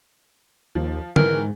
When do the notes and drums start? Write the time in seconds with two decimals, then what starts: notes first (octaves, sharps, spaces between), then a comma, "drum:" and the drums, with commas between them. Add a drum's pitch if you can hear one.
0.75 D#2 F3
1.16 G#2 D#3 E3 A#4, drum: tom